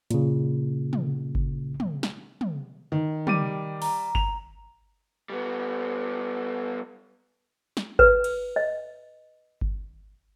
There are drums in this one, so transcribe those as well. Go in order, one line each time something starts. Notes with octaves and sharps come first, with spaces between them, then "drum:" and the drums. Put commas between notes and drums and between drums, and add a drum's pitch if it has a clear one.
A#2 C#3, drum: hi-hat
drum: tom
drum: kick G1
drum: tom
drum: snare
drum: tom
D#3
G3 D6 D#7, drum: tom
A#5, drum: open hi-hat
F7, drum: kick G1
G3 B3
drum: snare
B4, drum: kick G1
drum: cymbal
D#5
drum: kick G1